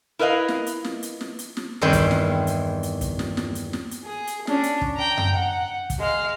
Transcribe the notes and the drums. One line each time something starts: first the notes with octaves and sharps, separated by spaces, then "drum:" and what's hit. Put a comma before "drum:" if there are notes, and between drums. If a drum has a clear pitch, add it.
E4 A#4 B4 D#5 F5
drum: snare
drum: hi-hat
drum: snare
drum: hi-hat
drum: snare
drum: hi-hat
drum: snare
E2 G2 D#3 C4 E4 G5
drum: kick, hi-hat
drum: snare
drum: hi-hat
drum: hi-hat
drum: kick, hi-hat
drum: snare
drum: snare
drum: hi-hat
drum: snare
drum: hi-hat
G#4
drum: hi-hat
C#4 D4, drum: snare
drum: hi-hat
drum: kick
G5 A#5
drum: tom F#2
F#5
drum: kick, hi-hat
G#3 F5